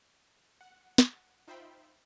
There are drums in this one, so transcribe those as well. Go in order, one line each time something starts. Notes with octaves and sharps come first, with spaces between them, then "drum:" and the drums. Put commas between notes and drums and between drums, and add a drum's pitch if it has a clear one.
F#5
drum: snare
D#4 F4 C5 E5 G5 B5